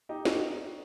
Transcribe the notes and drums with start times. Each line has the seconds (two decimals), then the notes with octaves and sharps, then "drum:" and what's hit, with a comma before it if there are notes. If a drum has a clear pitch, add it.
0.09 D#4 G4
0.25 D4 F#4, drum: snare